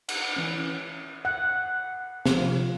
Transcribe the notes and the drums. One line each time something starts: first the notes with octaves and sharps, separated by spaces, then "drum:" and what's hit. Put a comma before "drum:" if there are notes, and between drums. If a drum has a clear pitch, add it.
F#5, drum: cymbal
E3 C#4
F#5
C3 F3 F4, drum: snare